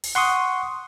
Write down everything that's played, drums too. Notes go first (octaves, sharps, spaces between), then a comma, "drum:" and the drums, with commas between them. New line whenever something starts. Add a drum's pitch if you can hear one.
drum: open hi-hat
F#5 C6 C#6 D#6